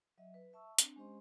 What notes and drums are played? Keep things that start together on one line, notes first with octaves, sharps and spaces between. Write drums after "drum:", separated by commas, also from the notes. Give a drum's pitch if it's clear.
F#3 D#5 E5
B4
E5 A5 C#6 E6
C4 D4, drum: hi-hat
G#3 C#4 G4 C5 D#5 C6